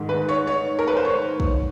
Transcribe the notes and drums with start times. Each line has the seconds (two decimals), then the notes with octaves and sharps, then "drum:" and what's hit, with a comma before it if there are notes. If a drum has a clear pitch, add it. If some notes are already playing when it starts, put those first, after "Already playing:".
Already playing: G#2 D#3
0.09 B4
0.29 C#5
0.47 C#5
0.79 A#4
0.88 B4
0.97 C5
1.05 C#5
1.40 drum: kick